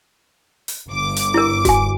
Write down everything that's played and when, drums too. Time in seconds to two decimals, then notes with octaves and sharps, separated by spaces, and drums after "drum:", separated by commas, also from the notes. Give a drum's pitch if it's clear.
0.68 drum: open hi-hat
0.89 G1 D6
1.16 drum: hi-hat
1.34 E4 A#4
1.65 F#4 G#5, drum: kick E1, hi-hat